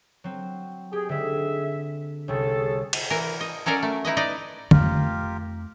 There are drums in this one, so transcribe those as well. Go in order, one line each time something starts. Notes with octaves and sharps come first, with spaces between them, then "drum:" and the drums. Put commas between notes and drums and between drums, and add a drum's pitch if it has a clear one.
F#3 C4
G4 G#4
G#2 D3 G#3 G#4 E5
C2 C3 C#4 G#4 A4
drum: cymbal
E3 A#4
D#5
F#3 C#4 A4 A#4 D5 F5
A3
D#4 E4 B4 D#5
D#4 B4 D5 D#5
F2 A3 F4 G4 A#4, drum: tom D3